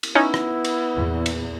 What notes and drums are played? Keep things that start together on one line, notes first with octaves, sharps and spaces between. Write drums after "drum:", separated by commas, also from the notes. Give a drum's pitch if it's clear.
drum: cymbal
B3 C#4 D#4 E4
drum: rim click
drum: cymbal
E2 A#2
drum: cymbal